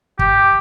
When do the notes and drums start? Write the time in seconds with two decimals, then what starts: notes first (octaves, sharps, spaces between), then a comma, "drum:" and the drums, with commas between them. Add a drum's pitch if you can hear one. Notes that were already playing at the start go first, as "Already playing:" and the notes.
0.19 G4, drum: kick